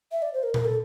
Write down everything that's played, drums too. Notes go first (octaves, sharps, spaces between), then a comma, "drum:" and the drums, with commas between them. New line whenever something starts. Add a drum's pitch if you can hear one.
E5
D5
C5
A#4
A#4, drum: tom A#2
A4